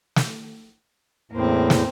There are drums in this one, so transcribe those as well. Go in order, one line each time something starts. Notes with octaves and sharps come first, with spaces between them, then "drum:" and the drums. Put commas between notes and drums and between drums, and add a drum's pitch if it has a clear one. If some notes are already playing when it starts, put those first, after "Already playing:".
drum: snare
E2 A2 A#3 C4
drum: snare